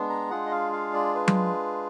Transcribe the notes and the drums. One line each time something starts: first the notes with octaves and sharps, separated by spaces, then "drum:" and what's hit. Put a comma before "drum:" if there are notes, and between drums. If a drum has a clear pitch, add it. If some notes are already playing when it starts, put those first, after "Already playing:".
Already playing: G#3 B3 D4
A#5
G#3 D4 F4 G#4 F#5
D#5
F5
F5
D5
B4
drum: tom F#3